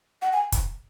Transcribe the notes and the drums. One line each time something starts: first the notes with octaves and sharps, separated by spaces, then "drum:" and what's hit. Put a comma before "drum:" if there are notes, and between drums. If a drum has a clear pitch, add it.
F#5
G#5
drum: kick, hi-hat